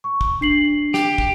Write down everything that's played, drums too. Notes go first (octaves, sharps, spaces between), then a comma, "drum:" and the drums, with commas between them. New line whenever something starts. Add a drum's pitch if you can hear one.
C#6
drum: kick
D4 C7 F#7
G4, drum: snare
drum: kick